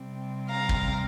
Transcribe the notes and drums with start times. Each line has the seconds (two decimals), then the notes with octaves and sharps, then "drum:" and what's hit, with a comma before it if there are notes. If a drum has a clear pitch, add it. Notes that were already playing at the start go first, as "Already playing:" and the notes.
Already playing: C3 G3 C4
0.50 F5 A#5
0.69 drum: kick